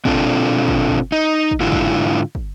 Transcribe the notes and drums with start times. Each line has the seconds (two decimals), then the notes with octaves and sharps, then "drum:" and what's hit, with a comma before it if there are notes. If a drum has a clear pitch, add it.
0.05 B2 C4 D4 F4 A4, drum: kick
0.68 drum: kick
0.89 drum: kick
1.12 D#4
1.51 drum: kick
1.60 G#2 D3 E4 F4
1.72 drum: kick
2.35 drum: kick